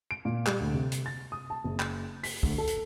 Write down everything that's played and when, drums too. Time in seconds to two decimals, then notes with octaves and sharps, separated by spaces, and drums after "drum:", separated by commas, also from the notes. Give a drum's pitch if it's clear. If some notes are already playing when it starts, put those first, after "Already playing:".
0.11 D7
0.25 A#2
0.46 G3, drum: clap
0.60 D2
0.74 C3
0.92 drum: hi-hat
1.06 A6
1.32 D#6
1.50 A5
1.64 F#1
1.80 drum: clap
2.23 B6, drum: open hi-hat
2.43 D2, drum: kick
2.58 A4
2.67 drum: hi-hat